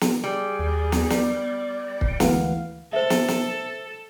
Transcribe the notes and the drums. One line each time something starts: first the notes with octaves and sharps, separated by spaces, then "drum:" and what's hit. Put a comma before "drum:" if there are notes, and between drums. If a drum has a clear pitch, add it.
drum: snare
G3 G#4
D#2
drum: snare
B3 D5, drum: snare
drum: kick
D2 E3 G#3 F5 F#5, drum: snare
A4 C5 E5
drum: snare
drum: snare